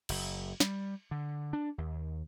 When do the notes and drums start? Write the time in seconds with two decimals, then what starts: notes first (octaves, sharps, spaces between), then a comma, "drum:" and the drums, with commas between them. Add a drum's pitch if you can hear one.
0.09 F#1, drum: cymbal
0.60 G3, drum: snare
1.11 D3
1.53 D4
1.78 D#2